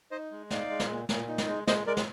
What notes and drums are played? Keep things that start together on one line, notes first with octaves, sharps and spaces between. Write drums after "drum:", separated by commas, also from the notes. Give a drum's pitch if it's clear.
D#4 C5 D#5
G#3
D#4 D5 F5, drum: snare
G#3
drum: snare
A#2
A#2, drum: snare
D#4
drum: snare
G#3
G#3 C5 D#5, drum: snare
G#3 A#4 D5
drum: snare